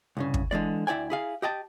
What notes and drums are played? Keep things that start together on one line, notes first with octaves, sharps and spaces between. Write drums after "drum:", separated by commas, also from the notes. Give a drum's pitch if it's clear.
C2 G2 C#3
drum: kick
D3 E3 G#3 D5
D2 E4 D5 G5 G#5
E4 G#4 F5
G4 D#5 G5 A5